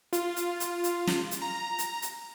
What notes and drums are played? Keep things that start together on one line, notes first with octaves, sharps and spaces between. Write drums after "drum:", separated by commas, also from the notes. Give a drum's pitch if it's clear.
F4, drum: hi-hat
drum: hi-hat
drum: hi-hat
drum: hi-hat
drum: snare
drum: hi-hat
A#5
drum: hi-hat
drum: hi-hat